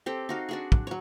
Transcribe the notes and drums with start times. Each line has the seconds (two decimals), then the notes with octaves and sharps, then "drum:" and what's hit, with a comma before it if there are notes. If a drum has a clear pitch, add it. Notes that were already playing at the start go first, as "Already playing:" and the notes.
0.06 C4 G4 A4
0.29 D#4 F#4 F5
0.49 D4 F#4 G#4
0.72 drum: kick
0.87 F#3 C#5